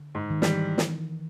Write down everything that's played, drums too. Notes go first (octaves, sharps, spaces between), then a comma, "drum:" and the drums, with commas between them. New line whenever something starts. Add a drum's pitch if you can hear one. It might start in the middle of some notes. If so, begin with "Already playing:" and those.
Already playing: D3
G#2
D#3
E3 G3, drum: snare
drum: snare